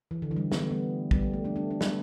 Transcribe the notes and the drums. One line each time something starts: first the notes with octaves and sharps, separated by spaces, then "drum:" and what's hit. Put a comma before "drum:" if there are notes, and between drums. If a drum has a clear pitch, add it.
E3
D3
E3
G3
B3, drum: snare
A3
G3 B3
G3 B3, drum: kick
A3
A3
A3 D4
A3 D4
A3 D4
A3, drum: snare
G3 B3